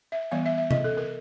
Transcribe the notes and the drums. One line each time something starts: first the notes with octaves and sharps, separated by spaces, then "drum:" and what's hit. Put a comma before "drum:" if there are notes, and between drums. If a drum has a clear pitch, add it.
E5
E3 G3 B3 F5
E5
E5
D#5, drum: tom C3
A4
A#4